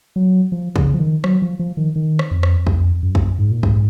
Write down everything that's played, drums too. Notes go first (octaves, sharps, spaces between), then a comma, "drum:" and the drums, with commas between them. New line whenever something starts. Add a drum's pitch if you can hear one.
F#3
F3
C#3, drum: kick
F3
D#3
F#3, drum: rim click
F3
F3
D#3
D#3
drum: rim click
F2
drum: rim click
F2, drum: kick
F#2
drum: kick
G#2
A#2
G#2, drum: kick